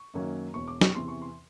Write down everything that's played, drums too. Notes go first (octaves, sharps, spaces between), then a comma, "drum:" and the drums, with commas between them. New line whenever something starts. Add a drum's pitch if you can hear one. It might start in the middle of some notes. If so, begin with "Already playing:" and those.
Already playing: C#6
F#2 D#3 F#3 A#3 C#4
E1 E2 B2 C#6
D6
C#6, drum: snare
E2 C3 E3 C6
C#6
C6